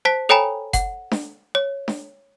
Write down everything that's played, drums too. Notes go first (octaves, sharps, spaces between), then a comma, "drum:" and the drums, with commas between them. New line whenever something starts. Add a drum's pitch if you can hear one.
C5 A5 B6
A4 C#5 G5 G#5 A#5 B5
F#5, drum: kick F#1, hi-hat
drum: snare D4
C#5
drum: snare D4